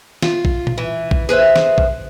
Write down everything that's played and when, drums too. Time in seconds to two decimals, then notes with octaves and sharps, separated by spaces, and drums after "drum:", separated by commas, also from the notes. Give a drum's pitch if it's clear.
0.23 F4, drum: snare
0.45 drum: kick A#1
0.67 drum: tom A#2
0.78 E3
1.11 drum: kick A#1
1.29 G#4 B4 C5 E5
1.56 drum: snare
1.78 drum: kick A#1